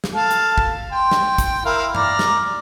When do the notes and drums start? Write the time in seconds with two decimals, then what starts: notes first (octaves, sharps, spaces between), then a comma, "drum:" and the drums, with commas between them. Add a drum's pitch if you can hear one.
0.04 drum: snare
0.14 A4 F5 A5
0.31 drum: hi-hat
0.58 drum: kick
0.92 G5 C6
1.11 drum: snare
1.38 drum: kick, hi-hat
1.65 E4 A#4 F5
1.95 D5 A#5 F6, drum: tom G2
2.19 drum: snare